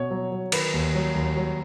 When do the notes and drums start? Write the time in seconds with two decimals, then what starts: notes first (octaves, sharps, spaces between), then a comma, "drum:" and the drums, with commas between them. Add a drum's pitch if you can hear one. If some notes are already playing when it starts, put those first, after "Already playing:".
Already playing: B2 C#5
0.11 F#3
0.32 F#3
0.52 D#3 B4, drum: cymbal
0.74 D#2
0.95 F#3
1.15 D#2
1.36 F#3